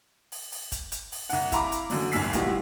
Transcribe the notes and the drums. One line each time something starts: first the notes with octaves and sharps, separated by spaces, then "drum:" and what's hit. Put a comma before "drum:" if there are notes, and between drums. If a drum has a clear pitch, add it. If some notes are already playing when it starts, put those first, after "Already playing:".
drum: open hi-hat
drum: open hi-hat
drum: kick, hi-hat
drum: hi-hat
drum: open hi-hat
C2 F#5, drum: open hi-hat
E4 F5 A#5 B5 D6, drum: kick, hi-hat
drum: hi-hat
F#2 D3 F#3, drum: open hi-hat
G#1 C#2 F#2 E6 B6 C7, drum: open hi-hat
B1 A2 E3 G3 F4 F#4, drum: kick, hi-hat